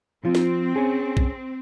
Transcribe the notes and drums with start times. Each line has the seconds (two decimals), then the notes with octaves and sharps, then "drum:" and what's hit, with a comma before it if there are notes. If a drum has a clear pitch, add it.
0.25 F3 C4 F4
0.35 drum: snare
0.76 C#4 G#4
1.17 drum: kick A#1